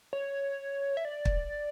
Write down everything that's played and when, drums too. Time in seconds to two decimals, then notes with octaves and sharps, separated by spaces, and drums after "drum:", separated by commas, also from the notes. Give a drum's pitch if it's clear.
0.13 C#5
0.97 E5
1.05 D5
1.25 drum: kick